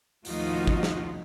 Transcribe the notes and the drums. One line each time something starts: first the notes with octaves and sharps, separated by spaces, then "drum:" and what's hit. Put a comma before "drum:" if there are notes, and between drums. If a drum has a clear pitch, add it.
D#2 A2 F3 D#4 F4 F#4, drum: open hi-hat
drum: kick
drum: snare